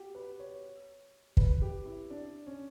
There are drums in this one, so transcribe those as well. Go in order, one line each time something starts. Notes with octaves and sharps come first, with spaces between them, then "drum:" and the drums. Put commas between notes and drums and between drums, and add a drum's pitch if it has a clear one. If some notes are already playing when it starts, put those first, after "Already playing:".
Already playing: F#4 G4
B4
C#5
B4, drum: kick
G4
E4
D4
C#4